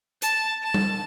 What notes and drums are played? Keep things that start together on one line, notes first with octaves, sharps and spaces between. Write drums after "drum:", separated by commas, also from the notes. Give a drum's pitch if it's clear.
A5, drum: hi-hat
A5
drum: tom G3